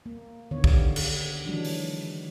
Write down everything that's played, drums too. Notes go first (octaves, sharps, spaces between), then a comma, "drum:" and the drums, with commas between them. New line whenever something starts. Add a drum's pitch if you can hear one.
A#3
D3 D#3 B3 C#5
G4 D5 F5, drum: kick
drum: cymbal
D#3 E3 F#3 G#3 D4
drum: open hi-hat